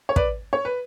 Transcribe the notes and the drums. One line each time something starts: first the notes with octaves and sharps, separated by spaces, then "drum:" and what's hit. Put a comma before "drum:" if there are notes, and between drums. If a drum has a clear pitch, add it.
C#5
B4 D5, drum: kick
C#5
B4